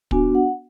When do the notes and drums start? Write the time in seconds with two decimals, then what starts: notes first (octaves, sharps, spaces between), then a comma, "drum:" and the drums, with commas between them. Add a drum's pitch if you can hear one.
0.11 B3 D4 F#4 G#5, drum: kick
0.35 F#5